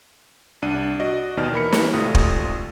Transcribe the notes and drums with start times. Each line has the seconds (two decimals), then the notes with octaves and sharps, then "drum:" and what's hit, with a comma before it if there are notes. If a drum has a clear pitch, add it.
0.62 C2 D4 D#7
1.00 F#4 D5 D#5
1.37 D#2 B2 D#4 D5 F6
1.52 E3 A#4 B5 C#7
1.72 drum: snare
1.94 G#1 C3 A3 F4 D#6
2.15 drum: kick